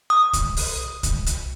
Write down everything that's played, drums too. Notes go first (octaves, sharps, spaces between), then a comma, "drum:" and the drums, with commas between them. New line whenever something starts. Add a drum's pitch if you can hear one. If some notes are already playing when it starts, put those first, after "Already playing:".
D#6
drum: kick C2, hi-hat
drum: open hi-hat
drum: kick C2, hi-hat
drum: hi-hat